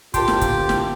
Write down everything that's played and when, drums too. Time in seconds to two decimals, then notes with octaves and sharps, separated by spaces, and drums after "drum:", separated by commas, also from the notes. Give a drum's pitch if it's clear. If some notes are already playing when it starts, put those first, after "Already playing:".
0.14 D2 F4 G4 A#4 A5 C6, drum: kick, hi-hat
0.28 drum: snare
0.41 drum: kick, hi-hat
0.69 drum: snare